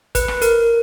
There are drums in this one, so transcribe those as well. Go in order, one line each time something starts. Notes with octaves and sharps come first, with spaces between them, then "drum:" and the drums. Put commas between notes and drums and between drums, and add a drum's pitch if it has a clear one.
B4, drum: kick, hi-hat
drum: rim click
A#4, drum: hi-hat